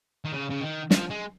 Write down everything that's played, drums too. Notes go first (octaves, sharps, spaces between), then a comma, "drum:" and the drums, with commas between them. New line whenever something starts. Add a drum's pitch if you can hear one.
D#3
C#3
C#3
D#3
F3, drum: snare
G#3